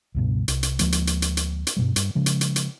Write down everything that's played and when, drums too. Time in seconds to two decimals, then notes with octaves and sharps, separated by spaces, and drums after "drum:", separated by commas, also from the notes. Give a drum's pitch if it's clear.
0.15 C#2 G2 B2
0.48 C2, drum: hi-hat
0.63 drum: hi-hat
0.79 D2 F3 G#3 A#3, drum: hi-hat
0.92 drum: hi-hat
1.07 drum: hi-hat
1.22 drum: hi-hat
1.37 drum: hi-hat
1.67 drum: hi-hat
1.77 G2 B2 G3
1.96 G2, drum: hi-hat
2.15 C#3 F3 G#3
2.26 drum: hi-hat
2.41 drum: hi-hat
2.56 drum: hi-hat